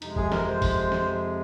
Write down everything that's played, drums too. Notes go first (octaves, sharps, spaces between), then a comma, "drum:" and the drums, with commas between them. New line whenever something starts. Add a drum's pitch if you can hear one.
F2 C3 G#3 D#4, drum: hi-hat
G#4, drum: kick G1
A#4, drum: snare
C5
drum: kick G1, open hi-hat
drum: snare